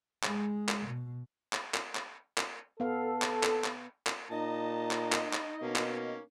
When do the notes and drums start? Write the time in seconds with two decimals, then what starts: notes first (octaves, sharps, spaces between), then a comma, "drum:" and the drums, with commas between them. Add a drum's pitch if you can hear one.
0.23 G#3, drum: clap
0.69 drum: clap
0.86 B2
1.53 drum: clap
1.74 drum: clap
1.95 drum: clap
2.38 drum: clap
2.80 B3 A4 B4 F5
3.22 drum: clap
3.43 drum: clap
3.64 drum: clap
4.07 drum: clap
4.30 A#2 D#4 D#5 A5 A#5
4.91 drum: clap
5.12 drum: clap
5.33 drum: clap
5.62 B2 A#3 C#4
5.76 drum: clap